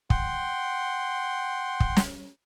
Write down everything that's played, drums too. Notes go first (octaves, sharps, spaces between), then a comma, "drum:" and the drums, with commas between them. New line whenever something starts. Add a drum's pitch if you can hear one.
F#5 G5 C6, drum: kick
drum: kick
drum: snare